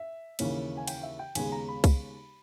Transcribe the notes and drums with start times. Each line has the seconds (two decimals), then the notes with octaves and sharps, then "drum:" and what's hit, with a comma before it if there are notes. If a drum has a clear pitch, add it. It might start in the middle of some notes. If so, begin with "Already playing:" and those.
Already playing: E5
0.39 D#2 C#3 E3 A#3 C#4, drum: cymbal
0.77 G#5
0.87 G5, drum: cymbal
1.03 E5
1.19 G5
1.35 D#2 C#3 G#3 B3 G#5, drum: cymbal
1.52 A#5
1.68 B5
1.84 drum: kick C2, cymbal